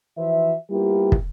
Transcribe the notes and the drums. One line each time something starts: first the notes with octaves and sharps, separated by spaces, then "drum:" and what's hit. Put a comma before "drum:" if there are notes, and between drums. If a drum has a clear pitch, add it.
E3 F3 F#4 B4 C5 E5
G3 A#3 B3 E4 F4 G4
drum: kick